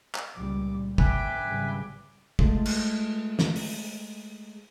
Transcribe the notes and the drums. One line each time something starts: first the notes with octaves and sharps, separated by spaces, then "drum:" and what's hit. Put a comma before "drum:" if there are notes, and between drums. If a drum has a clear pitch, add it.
drum: clap
C#2 A#2 G3 D6
G#2 D3 B4 E5 G5 G#5 D6, drum: kick
G#1 C#3 G3
G#3 A3 F4, drum: kick
drum: cymbal
drum: snare
drum: open hi-hat